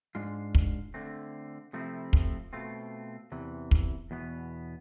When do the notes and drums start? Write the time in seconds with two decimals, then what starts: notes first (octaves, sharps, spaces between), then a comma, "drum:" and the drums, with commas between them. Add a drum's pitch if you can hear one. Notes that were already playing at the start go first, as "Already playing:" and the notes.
0.15 G#2 G#3 D4 F4
0.55 drum: kick
0.94 D3 A3 C4
1.73 C3 F3 A3 C4 E4
2.13 drum: kick
2.53 B2 A3 C4 F4
3.32 E2 C3 E3
3.71 drum: kick
4.11 E2 B2 B3